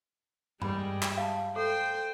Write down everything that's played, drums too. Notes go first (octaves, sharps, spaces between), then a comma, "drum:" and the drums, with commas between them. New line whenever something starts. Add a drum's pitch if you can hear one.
G3 G#3 B5, drum: tom G2
drum: clap
F5 A5
A4 C5 G5